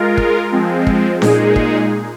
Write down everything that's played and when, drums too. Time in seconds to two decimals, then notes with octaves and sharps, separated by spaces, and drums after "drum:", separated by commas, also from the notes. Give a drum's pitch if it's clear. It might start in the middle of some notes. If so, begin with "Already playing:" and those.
Already playing: G#3 F4 A#4
0.17 drum: kick
0.52 F3 G#3 C4
0.87 drum: kick
1.22 A#2 G#3 D#4 G#4, drum: snare C#4
1.56 drum: kick